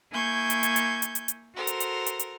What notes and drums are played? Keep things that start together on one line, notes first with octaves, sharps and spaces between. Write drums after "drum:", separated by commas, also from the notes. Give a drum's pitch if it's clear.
A#3 E4 G#5 C#6 G6 G#6
drum: hi-hat
drum: hi-hat
drum: hi-hat
drum: hi-hat
drum: hi-hat
drum: hi-hat
F#4 A4 A#4 C5
drum: hi-hat
drum: hi-hat
drum: hi-hat
drum: hi-hat